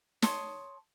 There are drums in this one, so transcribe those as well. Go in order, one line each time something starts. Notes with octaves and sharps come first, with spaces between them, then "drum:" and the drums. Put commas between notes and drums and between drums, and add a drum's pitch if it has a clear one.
C#5 A5 C6 D#6, drum: snare